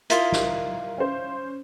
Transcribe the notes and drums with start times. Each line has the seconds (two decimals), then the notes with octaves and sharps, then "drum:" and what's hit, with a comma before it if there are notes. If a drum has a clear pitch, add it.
0.10 E4 F4 A#4 D#5, drum: hi-hat
0.32 drum: snare
0.98 C#4 C5